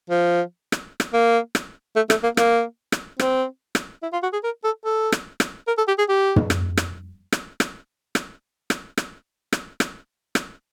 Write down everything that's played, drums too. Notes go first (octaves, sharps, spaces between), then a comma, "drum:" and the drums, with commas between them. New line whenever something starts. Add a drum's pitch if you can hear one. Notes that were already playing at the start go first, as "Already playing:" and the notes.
F3
drum: rim click
drum: rim click
A#3
drum: rim click
A3
A3, drum: rim click
A#3
A#3, drum: rim click
drum: rim click
C4, drum: rim click
drum: rim click
E4
F4
F#4
G#4
A#4
A4
A4
drum: rim click
drum: rim click
A#4
A4
G4
G#4
G4
drum: tom
drum: rim click
drum: rim click
drum: rim click
drum: rim click
drum: rim click
drum: rim click
drum: rim click
drum: rim click
drum: rim click
drum: rim click